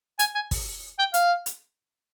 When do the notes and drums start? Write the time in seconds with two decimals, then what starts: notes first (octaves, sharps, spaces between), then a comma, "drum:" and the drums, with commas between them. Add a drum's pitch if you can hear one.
0.19 G#5, drum: hi-hat
0.35 G#5
0.51 drum: kick, open hi-hat
0.99 G5
1.14 F5, drum: hi-hat
1.46 drum: hi-hat